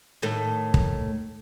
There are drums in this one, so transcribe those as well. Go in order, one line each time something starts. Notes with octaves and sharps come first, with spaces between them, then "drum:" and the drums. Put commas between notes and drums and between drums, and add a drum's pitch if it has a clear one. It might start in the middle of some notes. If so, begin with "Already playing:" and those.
A2 D#3 A3
drum: kick